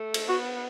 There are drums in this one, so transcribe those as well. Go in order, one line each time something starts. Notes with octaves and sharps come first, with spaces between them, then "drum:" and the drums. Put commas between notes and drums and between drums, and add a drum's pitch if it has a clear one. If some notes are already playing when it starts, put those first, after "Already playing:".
Already playing: A3
drum: cymbal
B3 F#4